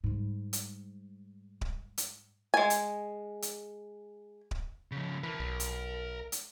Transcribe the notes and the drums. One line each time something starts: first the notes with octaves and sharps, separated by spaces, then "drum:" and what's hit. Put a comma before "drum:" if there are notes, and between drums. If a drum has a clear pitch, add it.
G#2 G3
drum: hi-hat
drum: kick D1
drum: hi-hat
G#3 G#5
drum: hi-hat
drum: hi-hat
drum: kick D1
C#3 F3
E3 A#4 B5
B1
drum: hi-hat
drum: hi-hat